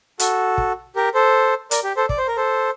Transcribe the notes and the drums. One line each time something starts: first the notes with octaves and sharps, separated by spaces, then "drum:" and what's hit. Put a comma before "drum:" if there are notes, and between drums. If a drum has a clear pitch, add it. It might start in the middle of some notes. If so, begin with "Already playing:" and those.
F#4 A4, drum: hi-hat
drum: kick
G4 A#4
A4 C5
A#4 D5, drum: hi-hat
G4
A4 C5
D5, drum: kick
C5
A#4
A4 C5